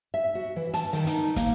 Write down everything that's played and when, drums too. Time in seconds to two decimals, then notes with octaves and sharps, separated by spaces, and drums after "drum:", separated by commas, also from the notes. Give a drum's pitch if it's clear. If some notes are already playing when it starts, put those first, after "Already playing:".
0.14 E5
0.35 F#4
0.56 E3
0.74 A5, drum: hi-hat
0.93 D#3, drum: open hi-hat
1.07 D#4, drum: hi-hat
1.36 A#3, drum: kick, hi-hat